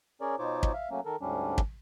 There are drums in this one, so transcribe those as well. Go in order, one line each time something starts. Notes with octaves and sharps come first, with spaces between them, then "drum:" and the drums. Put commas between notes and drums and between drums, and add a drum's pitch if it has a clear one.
C#4 G#4 A#4 C#5 D5
B2 D#4 F4 C5 C#5 D6
drum: kick
E5 F5
F#3 A3 A#3 C#4
D#3 A4 A#4
D2 G#2 G3 C#4 D4
drum: kick